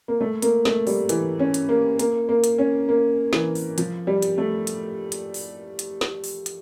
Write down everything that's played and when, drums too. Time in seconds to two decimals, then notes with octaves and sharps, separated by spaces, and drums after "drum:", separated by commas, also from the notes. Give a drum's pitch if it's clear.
0.08 A#3
0.21 A3
0.42 A#3, drum: hi-hat
0.65 A3, drum: snare
0.87 G3, drum: open hi-hat
1.09 E3, drum: hi-hat
1.39 C#4
1.54 drum: hi-hat
1.69 A#3
1.99 A#3, drum: hi-hat
2.29 A#3
2.44 drum: hi-hat
2.58 C#4
2.89 A#3
3.33 E3, drum: snare
3.55 drum: open hi-hat
3.78 F3, drum: hi-hat
4.07 G3
4.22 drum: hi-hat
4.38 A3
4.67 drum: hi-hat
5.12 drum: hi-hat
5.34 drum: open hi-hat
5.79 drum: hi-hat
6.01 drum: snare
6.24 drum: open hi-hat
6.46 drum: hi-hat